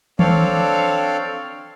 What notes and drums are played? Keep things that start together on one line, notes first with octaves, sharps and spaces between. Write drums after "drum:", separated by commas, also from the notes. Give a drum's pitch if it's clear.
C4 D4 A4 C#5 D5 F5, drum: tom D#3